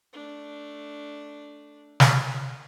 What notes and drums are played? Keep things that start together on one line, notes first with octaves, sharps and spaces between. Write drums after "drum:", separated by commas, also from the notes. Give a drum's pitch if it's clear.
A3 D4
drum: snare